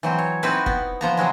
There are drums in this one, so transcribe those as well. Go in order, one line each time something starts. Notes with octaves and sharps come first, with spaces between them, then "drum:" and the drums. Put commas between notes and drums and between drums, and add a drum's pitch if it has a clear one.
E3 F#3 C4
C#5
C4 D#4 E4 F#4 B4
B3, drum: kick F1
F3 B3 A#5
C3 E3 F#3 G#3